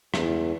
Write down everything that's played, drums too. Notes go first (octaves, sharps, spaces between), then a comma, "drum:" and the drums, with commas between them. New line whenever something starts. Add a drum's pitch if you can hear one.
E2, drum: rim click